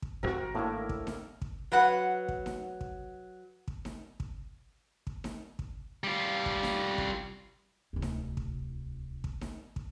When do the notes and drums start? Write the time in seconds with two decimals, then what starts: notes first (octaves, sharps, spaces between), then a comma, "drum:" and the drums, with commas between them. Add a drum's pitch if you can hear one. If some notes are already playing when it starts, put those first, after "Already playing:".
0.02 drum: kick
0.23 D1 G#1 C4 F#4 A#4
0.55 A2 A#3 D4 E4
0.89 drum: kick
1.07 drum: snare D#4
1.42 drum: kick
1.72 F#3 B4 F#5
2.28 drum: kick
2.46 drum: snare D#4
2.81 drum: kick
3.68 drum: kick
3.85 drum: snare D#4
4.20 drum: kick
5.07 drum: kick
5.24 drum: snare D#4
5.59 drum: kick
6.04 G3 F4
6.46 drum: kick
6.63 drum: snare D#4
6.98 drum: kick
7.93 D1 C2
8.02 drum: snare D#4
8.37 drum: kick
9.24 drum: kick
9.41 drum: snare D#4
9.76 drum: kick